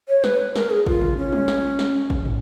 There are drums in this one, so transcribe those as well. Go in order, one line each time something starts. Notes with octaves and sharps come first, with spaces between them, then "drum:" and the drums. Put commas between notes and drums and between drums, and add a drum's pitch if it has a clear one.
C#5
B4, drum: snare
A#4, drum: snare
G#4
F4, drum: kick A1
drum: tom C3
C#4
drum: tom G3
drum: snare
drum: snare
drum: kick A1
drum: tom